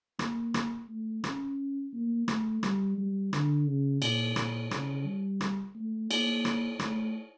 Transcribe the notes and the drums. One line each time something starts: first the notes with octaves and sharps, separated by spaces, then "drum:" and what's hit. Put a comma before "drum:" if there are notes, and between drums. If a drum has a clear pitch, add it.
A#3, drum: rim click
drum: rim click
A3
C#4, drum: rim click
A#3
A3, drum: rim click
G3, drum: rim click
G3
D3, drum: rim click
C#3
A#2, drum: cymbal
A#2, drum: rim click
C#3, drum: rim click
G3
drum: rim click
A3
A#3, drum: cymbal
drum: rim click
A3, drum: rim click